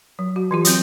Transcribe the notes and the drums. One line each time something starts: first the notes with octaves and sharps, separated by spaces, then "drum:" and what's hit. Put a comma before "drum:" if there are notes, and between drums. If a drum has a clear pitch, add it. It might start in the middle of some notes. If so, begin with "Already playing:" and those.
F#3
F#4
E3 F4 G4
F#3 C4, drum: hi-hat